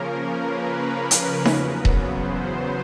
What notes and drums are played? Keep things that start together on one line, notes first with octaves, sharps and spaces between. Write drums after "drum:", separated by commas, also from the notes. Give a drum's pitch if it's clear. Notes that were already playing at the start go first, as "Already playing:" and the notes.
Already playing: C#3 F3 A#3 C#4 A#4
B4
drum: hi-hat
E2 C#3 F#3 B3, drum: snare D#4
drum: kick D#1
C5